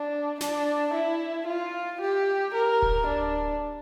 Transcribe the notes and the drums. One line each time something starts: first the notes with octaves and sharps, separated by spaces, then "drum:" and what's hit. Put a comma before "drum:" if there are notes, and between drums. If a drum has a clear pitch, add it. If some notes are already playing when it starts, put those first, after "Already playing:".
Already playing: D4
D4, drum: snare
E4
F4
G4
A#4
drum: kick D1
D4